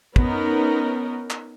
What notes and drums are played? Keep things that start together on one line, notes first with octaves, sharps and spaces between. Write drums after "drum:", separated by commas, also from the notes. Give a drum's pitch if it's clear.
B3 C#4 D#4 A#4, drum: kick
drum: clap